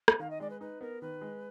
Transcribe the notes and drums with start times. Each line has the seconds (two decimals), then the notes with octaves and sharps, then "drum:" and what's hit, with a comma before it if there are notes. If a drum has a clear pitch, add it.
0.08 drum: rim click
0.19 D#3 F5
0.30 D#5
0.40 G#3 D5
0.50 B4
0.60 D#4 B4
0.81 B3 A#4
1.01 D#3 B4
1.21 G#3